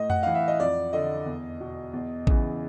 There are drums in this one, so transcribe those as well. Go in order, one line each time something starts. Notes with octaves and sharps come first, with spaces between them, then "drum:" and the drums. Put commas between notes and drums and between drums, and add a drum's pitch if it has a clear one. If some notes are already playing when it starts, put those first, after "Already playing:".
Already playing: A2 D#5
F#5, drum: tom F2
E3 F5
E5
D#5
F2 D5
D3 D#5
E2
B2
E2
C#3 E3, drum: kick A1